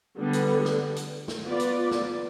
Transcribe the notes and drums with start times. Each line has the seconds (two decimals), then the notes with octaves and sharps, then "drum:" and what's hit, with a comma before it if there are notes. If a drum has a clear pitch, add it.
0.17 D3 G3 B3
0.33 drum: hi-hat
0.65 drum: snare
0.96 drum: hi-hat
1.28 drum: snare
1.43 B3 F4 B4 D5
1.60 drum: hi-hat
1.91 drum: snare